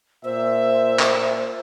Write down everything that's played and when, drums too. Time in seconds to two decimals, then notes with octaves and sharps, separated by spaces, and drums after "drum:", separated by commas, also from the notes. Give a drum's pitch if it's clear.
0.25 A#2 C5 E5
0.99 drum: clap